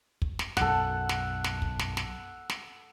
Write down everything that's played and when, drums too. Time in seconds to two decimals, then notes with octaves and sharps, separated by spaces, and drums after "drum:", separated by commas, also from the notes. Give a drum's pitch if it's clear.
0.22 drum: kick
0.39 drum: snare
0.57 B1 F#2 A4 F#5, drum: snare
1.09 drum: snare
1.44 drum: snare
1.62 drum: kick
1.79 drum: snare
1.97 drum: snare
2.50 drum: snare